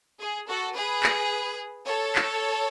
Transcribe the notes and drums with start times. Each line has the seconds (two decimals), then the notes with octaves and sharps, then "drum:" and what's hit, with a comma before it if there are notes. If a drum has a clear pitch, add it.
0.19 G#4
0.47 F#4 A4
0.75 G#4 B4
1.03 drum: clap
1.87 A4 C#5
2.15 drum: clap